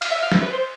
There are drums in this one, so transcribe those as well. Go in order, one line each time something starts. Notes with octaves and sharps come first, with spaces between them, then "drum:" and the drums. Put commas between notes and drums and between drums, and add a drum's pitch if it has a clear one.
F5, drum: cymbal
E5
F5
E5, drum: snare
B4
C5